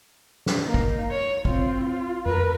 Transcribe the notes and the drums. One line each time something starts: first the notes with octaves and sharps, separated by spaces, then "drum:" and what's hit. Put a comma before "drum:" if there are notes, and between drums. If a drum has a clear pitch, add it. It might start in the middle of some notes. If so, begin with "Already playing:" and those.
drum: snare
A#3 D#4
drum: kick
C#5
C4 F4, drum: kick
F4
A#4 B4, drum: tom F2